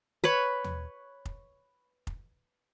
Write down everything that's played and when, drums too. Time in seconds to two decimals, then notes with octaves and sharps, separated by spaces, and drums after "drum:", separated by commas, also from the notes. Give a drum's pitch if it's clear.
0.24 B4 C#5 B5
0.64 drum: tom D#2
1.25 drum: kick F1
2.07 drum: kick F1